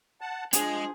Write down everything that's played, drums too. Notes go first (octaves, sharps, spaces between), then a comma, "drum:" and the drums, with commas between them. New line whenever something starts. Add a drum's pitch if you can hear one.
F#5 A5
F3 G#3 D4 G#4, drum: hi-hat